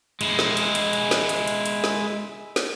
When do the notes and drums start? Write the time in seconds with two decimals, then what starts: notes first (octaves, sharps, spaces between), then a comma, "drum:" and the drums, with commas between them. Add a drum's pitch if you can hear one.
0.21 G#3 E4, drum: hi-hat
0.39 drum: snare
0.57 drum: hi-hat
0.75 drum: hi-hat
0.93 drum: hi-hat
1.11 drum: snare
1.29 drum: hi-hat
1.47 drum: hi-hat
1.66 drum: hi-hat
1.84 drum: snare
2.56 drum: snare